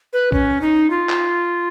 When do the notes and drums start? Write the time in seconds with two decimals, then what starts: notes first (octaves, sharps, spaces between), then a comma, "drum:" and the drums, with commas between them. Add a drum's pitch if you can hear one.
0.13 B4
0.32 C#4, drum: kick A#1
0.61 D#4
0.90 F4
1.10 drum: clap